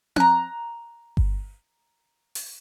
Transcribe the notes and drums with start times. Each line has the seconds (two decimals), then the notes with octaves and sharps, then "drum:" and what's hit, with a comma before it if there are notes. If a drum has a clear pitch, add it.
0.16 A#5 F#6, drum: tom C4
1.17 drum: kick G1
2.35 drum: open hi-hat